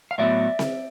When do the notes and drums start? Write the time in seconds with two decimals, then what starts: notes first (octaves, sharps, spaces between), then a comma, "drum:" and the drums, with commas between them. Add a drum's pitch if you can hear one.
0.11 F5
0.18 A2 F#3 B3 D5 E5
0.59 drum: snare C4